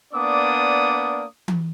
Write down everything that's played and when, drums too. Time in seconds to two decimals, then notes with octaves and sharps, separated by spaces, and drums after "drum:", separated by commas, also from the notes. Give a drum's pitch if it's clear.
0.13 A#3 B3 D4 D5 D6 D#6
1.48 drum: tom E3